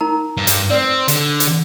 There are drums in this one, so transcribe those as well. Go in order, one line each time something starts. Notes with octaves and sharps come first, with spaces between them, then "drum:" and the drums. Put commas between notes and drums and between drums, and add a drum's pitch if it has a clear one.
D#4 A#4 A#5
G2
drum: hi-hat
C4 B4 D5
D3, drum: hi-hat
drum: hi-hat